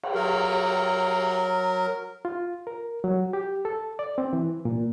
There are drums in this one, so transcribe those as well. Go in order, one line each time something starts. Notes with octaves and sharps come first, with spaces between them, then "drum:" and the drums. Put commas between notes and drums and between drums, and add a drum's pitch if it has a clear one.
drum: cymbal
F#3 A#4
F4
A#4
F#3
G4
A4
D5
C4
E3
A#2